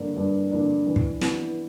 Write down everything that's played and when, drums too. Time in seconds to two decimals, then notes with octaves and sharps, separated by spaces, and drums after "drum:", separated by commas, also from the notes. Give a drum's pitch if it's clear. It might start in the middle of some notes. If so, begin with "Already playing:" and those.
Already playing: G2 D3 A#3 D4
0.17 G2
0.52 D3 A#3 D4
0.86 E3
0.96 drum: kick
1.21 B3 E4, drum: snare